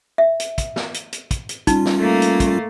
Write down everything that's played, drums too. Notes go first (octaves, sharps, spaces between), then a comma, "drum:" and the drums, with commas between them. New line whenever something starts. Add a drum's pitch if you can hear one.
E5
drum: hi-hat
drum: kick, hi-hat
drum: snare
drum: hi-hat
drum: hi-hat
drum: kick, hi-hat
drum: hi-hat
G3 C#4 D#4 F4, drum: kick, hi-hat
drum: snare
A3 A#3
drum: hi-hat
drum: kick, hi-hat